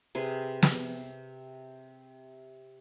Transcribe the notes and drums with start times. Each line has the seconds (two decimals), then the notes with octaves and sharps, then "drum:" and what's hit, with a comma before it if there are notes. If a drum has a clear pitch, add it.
0.15 C3 G#4 B4
0.63 drum: snare